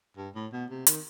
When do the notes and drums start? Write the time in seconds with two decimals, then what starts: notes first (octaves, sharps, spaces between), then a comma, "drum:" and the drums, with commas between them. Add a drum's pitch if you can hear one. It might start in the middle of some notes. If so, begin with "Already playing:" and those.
0.17 G2
0.35 A2
0.53 B2
0.70 C3
0.87 D#3, drum: hi-hat